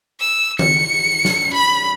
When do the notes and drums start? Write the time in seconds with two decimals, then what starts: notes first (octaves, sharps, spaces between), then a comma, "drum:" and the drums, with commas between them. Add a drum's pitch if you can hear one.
0.20 E6
0.59 C#7, drum: tom D#3
1.25 drum: snare
1.53 B5